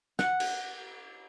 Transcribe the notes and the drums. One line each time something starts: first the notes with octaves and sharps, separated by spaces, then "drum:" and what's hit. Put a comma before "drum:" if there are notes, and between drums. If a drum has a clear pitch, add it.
F#5, drum: snare
drum: cymbal